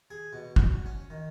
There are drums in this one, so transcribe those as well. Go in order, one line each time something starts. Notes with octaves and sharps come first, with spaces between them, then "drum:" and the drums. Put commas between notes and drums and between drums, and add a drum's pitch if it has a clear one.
G#4
B2
F#4, drum: kick
C#4
D#3